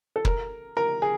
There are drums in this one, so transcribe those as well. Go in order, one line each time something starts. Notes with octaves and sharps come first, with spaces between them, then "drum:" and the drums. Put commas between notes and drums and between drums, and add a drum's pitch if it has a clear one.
A4
A#4, drum: kick
A#4
G#4